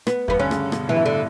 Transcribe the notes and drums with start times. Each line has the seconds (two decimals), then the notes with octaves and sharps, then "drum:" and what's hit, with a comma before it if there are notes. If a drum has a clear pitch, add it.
0.07 B3, drum: rim click
0.28 G2 B3, drum: kick D#2
0.39 D3 C#4
0.51 C#3, drum: rim click
0.72 B2, drum: rim click
0.88 A2 E3
0.95 G2
1.06 D3